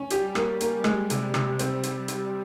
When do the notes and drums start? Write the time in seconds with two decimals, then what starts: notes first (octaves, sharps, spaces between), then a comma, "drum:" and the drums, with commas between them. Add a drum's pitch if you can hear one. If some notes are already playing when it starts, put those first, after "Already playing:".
Already playing: C#4
0.10 G3 G4, drum: hi-hat
0.35 A#3, drum: rim click
0.61 A#3, drum: hi-hat
0.84 G3 G#3, drum: rim click
1.10 C3, drum: hi-hat
1.34 C3, drum: rim click
1.59 C4, drum: hi-hat
1.83 drum: hi-hat
2.08 drum: hi-hat